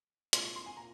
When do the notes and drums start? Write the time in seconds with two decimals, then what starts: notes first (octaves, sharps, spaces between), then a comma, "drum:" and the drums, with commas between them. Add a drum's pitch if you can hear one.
0.33 C2 A#2 G#3 C6, drum: hi-hat
0.45 C#6
0.56 C6
0.66 G#5
0.77 A#2 A#5